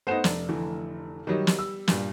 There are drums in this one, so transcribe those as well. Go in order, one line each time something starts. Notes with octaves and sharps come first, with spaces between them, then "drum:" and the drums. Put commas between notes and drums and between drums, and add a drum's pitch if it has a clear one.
A3 B3 D#4 C5 F#5 E7
F1 D4, drum: snare
D3 E3 A3
D#3 F#3 G3 D#4
drum: snare
E6
G2 A#2, drum: snare